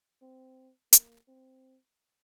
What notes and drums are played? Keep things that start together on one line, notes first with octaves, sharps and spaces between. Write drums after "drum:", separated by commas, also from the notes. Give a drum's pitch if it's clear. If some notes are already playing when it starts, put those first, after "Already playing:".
C4
A#3, drum: hi-hat
C4